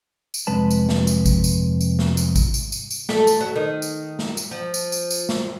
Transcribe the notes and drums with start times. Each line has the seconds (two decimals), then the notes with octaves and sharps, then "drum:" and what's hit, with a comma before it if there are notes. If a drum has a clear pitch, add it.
0.34 drum: tambourine
0.47 F2 C3 G#3 B4 A5
0.71 drum: tambourine
0.89 drum: snare
1.07 drum: tambourine
1.26 drum: kick G#1, tambourine
1.44 drum: tambourine
1.80 drum: tambourine
1.99 drum: snare
2.17 drum: tambourine
2.35 drum: kick G#1, tambourine
2.54 drum: tambourine
2.72 drum: tambourine
2.90 drum: tambourine
3.09 A3, drum: snare
3.27 drum: tambourine
3.40 F#3
3.56 D#3
3.82 drum: tambourine
4.19 drum: snare
4.37 drum: tambourine
4.51 F3
4.74 drum: tambourine
4.92 drum: tambourine
5.10 drum: tambourine
5.29 drum: snare